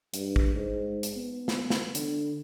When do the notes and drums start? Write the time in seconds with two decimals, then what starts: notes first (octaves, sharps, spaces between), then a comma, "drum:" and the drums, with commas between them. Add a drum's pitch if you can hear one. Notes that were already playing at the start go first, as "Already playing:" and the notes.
0.14 G2, drum: hi-hat
0.36 drum: kick
0.54 G#2
1.03 drum: hi-hat
1.16 B3
1.48 drum: snare
1.70 drum: snare
1.95 D3, drum: hi-hat